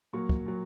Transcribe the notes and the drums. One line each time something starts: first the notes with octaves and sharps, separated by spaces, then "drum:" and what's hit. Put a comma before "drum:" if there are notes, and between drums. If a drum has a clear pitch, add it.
A#2 F#3 A#3 C#6
drum: kick
A#2 F#3